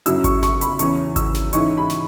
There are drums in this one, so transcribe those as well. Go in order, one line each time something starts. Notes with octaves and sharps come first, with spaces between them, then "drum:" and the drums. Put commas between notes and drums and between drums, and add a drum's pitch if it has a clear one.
F#2 C#3 F#3 C#4 E4 E6, drum: hi-hat
C#6, drum: kick G#1, hi-hat
C#6, drum: snare
B5, drum: hi-hat
E2 C#3 E3 C#4 C#6, drum: hi-hat
E6, drum: kick G#1, hi-hat
drum: snare
G#2 E3 C#4 E4 C#6, drum: hi-hat
B5
drum: snare